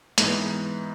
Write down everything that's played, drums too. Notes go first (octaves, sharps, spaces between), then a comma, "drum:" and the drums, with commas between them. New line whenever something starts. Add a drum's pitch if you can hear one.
G#2 E3 B3, drum: hi-hat